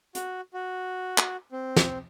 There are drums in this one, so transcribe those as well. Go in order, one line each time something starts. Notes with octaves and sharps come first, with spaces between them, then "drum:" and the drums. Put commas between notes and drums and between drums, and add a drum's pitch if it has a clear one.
F#4, drum: hi-hat
F#4
drum: clap
C4
drum: snare